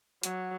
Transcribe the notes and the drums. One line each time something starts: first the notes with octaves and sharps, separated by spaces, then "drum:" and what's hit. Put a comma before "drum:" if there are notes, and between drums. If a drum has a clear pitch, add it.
F#3, drum: hi-hat